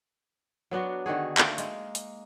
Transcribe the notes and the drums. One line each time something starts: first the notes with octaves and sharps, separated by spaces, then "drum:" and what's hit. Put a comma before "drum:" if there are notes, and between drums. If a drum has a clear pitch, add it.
F#3 B3 D4 F#4
D3 D#3 F#4 G#4
A3 A#3 G5, drum: clap
G#3, drum: hi-hat
drum: hi-hat